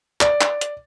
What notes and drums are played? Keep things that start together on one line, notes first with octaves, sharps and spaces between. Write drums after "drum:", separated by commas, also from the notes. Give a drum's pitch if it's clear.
D5, drum: clap
drum: clap
drum: hi-hat